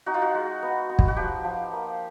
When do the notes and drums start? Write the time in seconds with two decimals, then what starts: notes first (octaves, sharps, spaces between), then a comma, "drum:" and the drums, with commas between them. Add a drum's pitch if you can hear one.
0.06 D#4 F#4
0.14 F4
0.22 F#4
0.35 G#3
0.62 B3
0.89 B3
0.99 drum: kick
1.08 F#4
1.16 F3 G4
1.44 F3
1.73 A#3